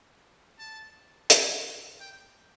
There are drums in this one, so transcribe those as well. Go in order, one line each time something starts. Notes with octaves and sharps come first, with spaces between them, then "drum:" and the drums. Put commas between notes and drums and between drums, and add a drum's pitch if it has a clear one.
A5
G#5, drum: hi-hat
G5